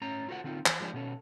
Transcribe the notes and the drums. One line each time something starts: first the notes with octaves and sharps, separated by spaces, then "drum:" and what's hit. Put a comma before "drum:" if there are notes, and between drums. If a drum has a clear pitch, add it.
A2 C#4 C#5 A#5
F4 F#4 A4 C5 F#5
D3 C4 D#4 F4
E3 C5, drum: clap
F3 G#3 C4 D4 G4
B2 B3 C#4 A4